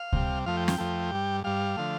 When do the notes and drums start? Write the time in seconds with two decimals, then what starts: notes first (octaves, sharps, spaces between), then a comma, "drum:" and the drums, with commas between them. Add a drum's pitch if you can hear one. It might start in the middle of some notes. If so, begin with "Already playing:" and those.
Already playing: F5
0.13 C3 G3, drum: kick C#2
0.46 F2 F3 A3 F5
0.57 G5
0.68 G5, drum: snare
0.78 F2 F3 A3
1.11 G2 G3
1.44 G2 G3 F5
1.77 D3 F3 A3